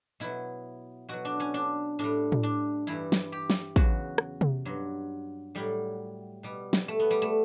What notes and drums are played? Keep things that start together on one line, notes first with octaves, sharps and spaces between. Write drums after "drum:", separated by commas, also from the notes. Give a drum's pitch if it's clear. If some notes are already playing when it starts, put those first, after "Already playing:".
B2 F#3 E4
B2 F#3 F#4
D4
C#4
D4
A2 G3 D4
drum: tom A2
D4
G2 E3 G3 E4
drum: snare
G4
drum: snare
E2 C#3 F#3 F#4, drum: kick
drum: rim click
drum: tom C3
G2 F#3
A2 F#3 G3
B2 G3
drum: snare
A3
B3
G3
A3, drum: hi-hat